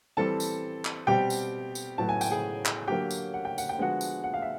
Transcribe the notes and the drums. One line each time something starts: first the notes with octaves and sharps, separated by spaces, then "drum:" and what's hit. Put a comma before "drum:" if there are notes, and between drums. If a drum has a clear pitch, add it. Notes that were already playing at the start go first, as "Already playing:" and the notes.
E3 G3 C4 A4 A5
drum: tambourine
drum: clap
B2 G3 C4 G4 G5
drum: tambourine
drum: tambourine
A2 F#3 B3 A5
G#5
G5, drum: tambourine
G#4 G#5
drum: clap
D3 F#3 A#3 G4 G5
drum: tambourine
F#5
G5
F#5, drum: tambourine
G5
D3 F3 G#3 B3 F#4 F#5
drum: tambourine
F#5
F5
E5